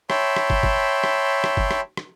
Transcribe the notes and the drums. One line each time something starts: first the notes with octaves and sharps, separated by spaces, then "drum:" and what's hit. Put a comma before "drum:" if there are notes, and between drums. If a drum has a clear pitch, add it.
C#5 E5 G5 A5 B5 C6, drum: rim click
drum: rim click
drum: kick
drum: kick
drum: rim click
drum: rim click
drum: kick
drum: rim click
drum: rim click